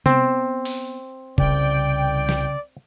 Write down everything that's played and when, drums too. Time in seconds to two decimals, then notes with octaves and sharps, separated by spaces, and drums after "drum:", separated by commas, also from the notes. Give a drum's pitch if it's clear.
0.06 B3 C4, drum: tom C3
0.65 drum: open hi-hat
1.38 C2 C#3 D5 G5 D7, drum: kick
2.29 drum: snare